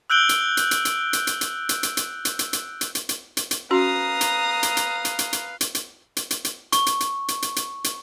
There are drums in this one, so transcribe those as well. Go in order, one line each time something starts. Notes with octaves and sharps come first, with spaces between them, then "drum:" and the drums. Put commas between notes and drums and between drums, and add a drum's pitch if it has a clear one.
E6 F#6 G6 D7 F#7 G7
drum: hi-hat
drum: hi-hat
drum: hi-hat
drum: hi-hat
drum: hi-hat
drum: hi-hat
drum: hi-hat
drum: hi-hat
drum: hi-hat
drum: hi-hat
drum: hi-hat
drum: hi-hat
drum: hi-hat
drum: hi-hat
drum: hi-hat
drum: hi-hat
drum: hi-hat
drum: hi-hat
C#4 F#4 B4 F5 A#5 C6 D#6
drum: hi-hat
drum: hi-hat
drum: hi-hat
drum: hi-hat
drum: hi-hat
drum: hi-hat
drum: hi-hat
drum: hi-hat
drum: hi-hat
drum: hi-hat
drum: hi-hat
C#6, drum: hi-hat
drum: hi-hat
drum: hi-hat
drum: hi-hat
drum: hi-hat
drum: hi-hat
drum: hi-hat